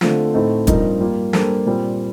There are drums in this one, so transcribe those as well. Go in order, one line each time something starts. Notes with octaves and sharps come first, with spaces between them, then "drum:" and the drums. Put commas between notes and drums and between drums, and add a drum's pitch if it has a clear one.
D3 A3 C4 F4, drum: snare
A2 A3 C4 D#4
G2 F3 C4 D#4 A#4, drum: kick, hi-hat
G3 A#3 F4
G3 A#3 D4 A4 C5, drum: snare
A#2 G3 C4